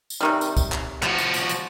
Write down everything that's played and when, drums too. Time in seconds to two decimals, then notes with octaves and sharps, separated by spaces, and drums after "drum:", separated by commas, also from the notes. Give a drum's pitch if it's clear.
0.10 drum: tambourine
0.21 C3 D#3 G3
0.41 drum: tambourine
0.57 drum: kick, tambourine
0.72 drum: clap
1.03 F3 F#4, drum: clap
1.18 drum: tambourine
1.34 drum: tambourine
1.49 drum: tambourine